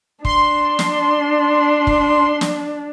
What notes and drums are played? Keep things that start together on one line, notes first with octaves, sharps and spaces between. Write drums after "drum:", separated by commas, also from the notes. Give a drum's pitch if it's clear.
D4 C6, drum: kick
drum: snare
drum: kick
drum: snare